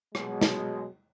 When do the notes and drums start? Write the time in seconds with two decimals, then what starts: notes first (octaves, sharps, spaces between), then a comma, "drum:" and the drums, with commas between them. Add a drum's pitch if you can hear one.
0.15 B2 F#3 G#3, drum: rim click
0.41 drum: snare